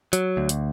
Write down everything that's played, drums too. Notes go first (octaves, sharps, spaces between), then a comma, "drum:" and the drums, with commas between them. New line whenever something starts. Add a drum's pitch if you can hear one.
F#3, drum: hi-hat
D2
drum: hi-hat